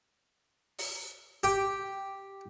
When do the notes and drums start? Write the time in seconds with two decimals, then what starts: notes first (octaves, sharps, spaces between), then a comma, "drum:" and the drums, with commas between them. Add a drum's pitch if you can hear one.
0.78 drum: open hi-hat
1.43 G4